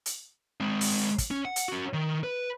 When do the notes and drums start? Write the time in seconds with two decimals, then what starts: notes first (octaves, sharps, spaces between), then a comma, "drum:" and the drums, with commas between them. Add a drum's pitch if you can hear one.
0.06 drum: hi-hat
0.61 G#3 C4
0.81 drum: open hi-hat
1.18 drum: kick, hi-hat
1.31 C#4
1.45 F#5
1.56 drum: hi-hat
1.68 C#4 F#4
1.93 D#3
2.24 B4